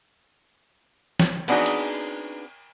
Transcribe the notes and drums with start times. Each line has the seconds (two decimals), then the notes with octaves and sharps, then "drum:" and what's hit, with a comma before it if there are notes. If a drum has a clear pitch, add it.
1.20 drum: snare
1.48 B3 C4 D4 D#4 F#4 G#4, drum: cymbal
1.66 drum: hi-hat